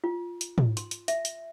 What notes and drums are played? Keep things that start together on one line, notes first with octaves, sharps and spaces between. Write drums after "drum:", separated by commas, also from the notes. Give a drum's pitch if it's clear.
F4
drum: hi-hat
drum: tom
C6, drum: hi-hat
drum: hi-hat
E5, drum: hi-hat
drum: hi-hat